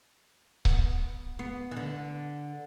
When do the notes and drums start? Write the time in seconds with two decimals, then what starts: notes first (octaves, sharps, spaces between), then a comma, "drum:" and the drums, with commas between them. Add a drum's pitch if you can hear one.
0.65 B3, drum: kick C#1
1.39 B3
1.71 E3
1.76 D3